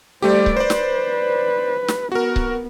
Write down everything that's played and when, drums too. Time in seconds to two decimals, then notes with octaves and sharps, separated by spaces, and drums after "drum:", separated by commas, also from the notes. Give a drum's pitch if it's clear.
0.22 G3 A3 G4 C5 D5
0.46 drum: kick C#1
0.57 B4 C5 D5
0.70 drum: snare
1.88 drum: snare
2.12 B3 F#4 A#4
2.36 drum: kick C#1